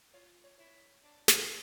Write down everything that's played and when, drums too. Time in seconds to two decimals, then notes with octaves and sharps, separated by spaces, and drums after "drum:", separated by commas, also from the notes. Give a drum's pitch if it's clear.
0.13 F4 C#5
0.44 C#5
0.58 E4 C#5
1.03 D4
1.28 drum: snare